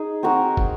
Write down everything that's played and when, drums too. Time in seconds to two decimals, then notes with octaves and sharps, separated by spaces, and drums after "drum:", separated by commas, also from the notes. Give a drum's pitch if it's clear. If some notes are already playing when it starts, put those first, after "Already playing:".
Already playing: D#4 G#4
0.23 C4 F#4 A#4
0.57 drum: kick